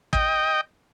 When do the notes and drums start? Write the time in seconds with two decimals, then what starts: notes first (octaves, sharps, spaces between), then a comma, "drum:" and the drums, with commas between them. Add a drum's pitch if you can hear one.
0.13 D#5 G5, drum: kick